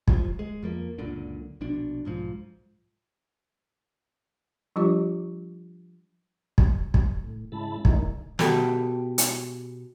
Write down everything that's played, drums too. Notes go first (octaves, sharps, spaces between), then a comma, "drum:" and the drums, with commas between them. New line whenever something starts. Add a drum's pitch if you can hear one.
C2 F3, drum: kick
G#3
F2 F3 A#3
C#2 F#2 A#2 D3
A#1 B2 D4
B1 G#2 F3
F3 G3 D4 F4 G4 D6
drum: kick
drum: kick
A2
G#2 C#3 G#3 E4 A5 B5
D3 D#3 G#3 A#3 D#4 E4, drum: kick
B2 G4 A4, drum: snare
drum: hi-hat